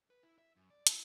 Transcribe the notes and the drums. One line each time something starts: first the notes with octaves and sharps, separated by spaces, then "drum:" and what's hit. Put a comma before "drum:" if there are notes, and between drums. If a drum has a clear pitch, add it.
B4
E4
E5
F#2
D5
E4, drum: hi-hat